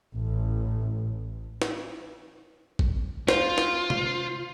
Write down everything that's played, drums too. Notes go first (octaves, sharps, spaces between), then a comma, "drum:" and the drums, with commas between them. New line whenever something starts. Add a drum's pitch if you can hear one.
A1
drum: snare
drum: kick
F4 C5, drum: snare
drum: snare
drum: tom C3